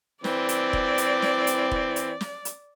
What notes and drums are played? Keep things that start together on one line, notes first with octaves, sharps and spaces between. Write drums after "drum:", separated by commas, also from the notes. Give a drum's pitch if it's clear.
E3 C4 D5, drum: snare
drum: hi-hat
drum: kick E1
drum: hi-hat
drum: snare
drum: hi-hat
drum: kick E1
drum: hi-hat
drum: snare
drum: hi-hat